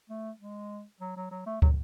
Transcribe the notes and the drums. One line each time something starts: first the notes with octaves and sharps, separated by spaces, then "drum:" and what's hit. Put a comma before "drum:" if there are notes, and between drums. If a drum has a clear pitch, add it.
A3
G#3
F#3
F#3
F#3
A3
F#3, drum: kick